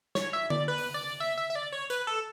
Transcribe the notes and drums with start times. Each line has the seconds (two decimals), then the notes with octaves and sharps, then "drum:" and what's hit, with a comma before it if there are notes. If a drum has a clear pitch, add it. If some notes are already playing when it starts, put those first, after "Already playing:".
0.15 C#5, drum: snare
0.33 E5
0.50 D5, drum: tom D3
0.68 B4
0.78 drum: open hi-hat
0.94 D5
1.20 E5
1.37 E5
1.50 E5
1.55 D5
1.72 C#5
1.90 B4, drum: tambourine
2.07 A4